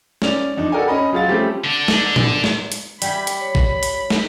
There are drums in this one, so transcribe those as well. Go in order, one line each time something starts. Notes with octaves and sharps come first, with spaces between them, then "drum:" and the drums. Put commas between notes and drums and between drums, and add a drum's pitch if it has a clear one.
C#4 D5 F7, drum: snare
F2 D4 D#4
F#4 A4 A#4 D5 G5 G#5
C#4 D#5 B5
F#3 F4 G#4 F5 A6
F3 G3 A3 C4 C#4 G4
D3 D4
drum: snare
drum: tom A2
drum: snare
drum: hi-hat
G3 G4 G#5 B5, drum: hi-hat
drum: hi-hat
C#5
drum: kick A1
drum: hi-hat
drum: snare